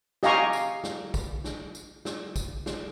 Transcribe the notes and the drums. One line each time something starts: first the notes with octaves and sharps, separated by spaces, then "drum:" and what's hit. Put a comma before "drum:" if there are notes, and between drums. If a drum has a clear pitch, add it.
G4 D#5 F5 G#5 A#5 C#6, drum: snare
drum: tambourine
drum: snare
drum: kick, tambourine
drum: snare
drum: tambourine
drum: snare
drum: kick, tambourine
drum: snare